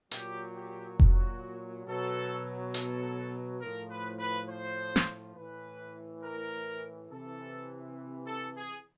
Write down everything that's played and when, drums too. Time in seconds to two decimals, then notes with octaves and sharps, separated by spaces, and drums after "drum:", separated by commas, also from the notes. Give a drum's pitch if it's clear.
0.11 A#2 F#3 G4, drum: hi-hat
0.55 G4
1.00 F#4, drum: kick F1
1.86 B2 F#3 A4
2.74 A4, drum: hi-hat
3.61 A2 F3 A#4
3.90 B4
4.19 B4
4.49 C5
4.96 drum: snare
5.35 A2 E3 B4
6.23 A#4
7.10 C3 E3 A4
8.26 A4
8.56 G#4